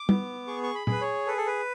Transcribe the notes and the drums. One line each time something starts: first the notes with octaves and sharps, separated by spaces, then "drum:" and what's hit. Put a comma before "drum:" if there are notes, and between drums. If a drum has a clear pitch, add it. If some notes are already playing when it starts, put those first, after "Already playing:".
Already playing: D6
B3, drum: tom
G#4 C#6
C#6
B5
G#4 B4, drum: tom
C#5
A4 B4
A4
B4